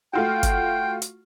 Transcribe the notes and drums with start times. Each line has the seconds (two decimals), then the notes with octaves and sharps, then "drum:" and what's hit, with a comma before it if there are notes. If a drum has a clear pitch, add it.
0.13 A3 F4 F#4 G5
0.43 drum: kick G1, hi-hat
1.02 drum: hi-hat